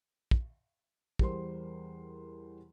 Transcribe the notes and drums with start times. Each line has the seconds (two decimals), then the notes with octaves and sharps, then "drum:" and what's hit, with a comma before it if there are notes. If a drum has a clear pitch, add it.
0.31 drum: kick
1.19 E2 G3 A#4 C5 C6, drum: kick